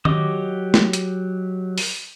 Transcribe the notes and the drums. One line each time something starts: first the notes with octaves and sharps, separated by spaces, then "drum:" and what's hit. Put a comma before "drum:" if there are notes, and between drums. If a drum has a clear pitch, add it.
F#3 G4 D#5 D6 D#6, drum: tom D#3
drum: snare
drum: hi-hat
drum: open hi-hat